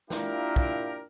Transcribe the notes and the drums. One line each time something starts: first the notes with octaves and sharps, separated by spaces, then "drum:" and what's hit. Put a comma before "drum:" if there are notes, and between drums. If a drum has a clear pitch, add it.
A#3 D4 E4 F4 G4 A#4, drum: snare
drum: kick